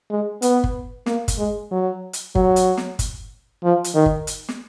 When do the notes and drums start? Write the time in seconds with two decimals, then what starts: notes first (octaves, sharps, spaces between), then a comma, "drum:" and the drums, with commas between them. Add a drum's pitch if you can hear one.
0.10 G#3
0.42 B3, drum: hi-hat
0.64 drum: kick G1
1.06 A#3, drum: snare
1.28 drum: kick G1, hi-hat
1.38 G#3
1.71 F#3
2.13 drum: hi-hat
2.35 F#3, drum: kick G1
2.56 drum: hi-hat
2.77 drum: snare
2.99 drum: kick G1, hi-hat
3.63 F3
3.84 drum: hi-hat
3.95 D#3
4.06 drum: kick G1
4.27 drum: hi-hat
4.48 drum: snare